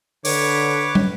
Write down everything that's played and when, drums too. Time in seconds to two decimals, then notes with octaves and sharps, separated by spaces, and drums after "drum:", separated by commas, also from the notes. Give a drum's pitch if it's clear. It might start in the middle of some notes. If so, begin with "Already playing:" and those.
0.25 D3 B4 C#5 D6, drum: open hi-hat
0.95 drum: tom